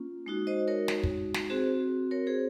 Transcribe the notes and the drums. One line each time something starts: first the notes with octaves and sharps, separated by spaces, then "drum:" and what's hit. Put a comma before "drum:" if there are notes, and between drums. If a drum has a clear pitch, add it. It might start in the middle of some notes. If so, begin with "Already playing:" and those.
Already playing: A#3 C#4 F4
G#3 D#4 F#4
C5 D#5
A#4 C#5
drum: snare
drum: kick
drum: snare
C4 F#4 G#4 C5
A#4 C#5
G#4 C5